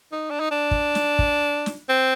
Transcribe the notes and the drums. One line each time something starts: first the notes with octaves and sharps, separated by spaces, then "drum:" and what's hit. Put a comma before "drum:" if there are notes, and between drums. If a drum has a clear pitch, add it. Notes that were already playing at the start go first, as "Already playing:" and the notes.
D#4
D4
D#4
D4
drum: kick
drum: snare
drum: kick
drum: snare
C4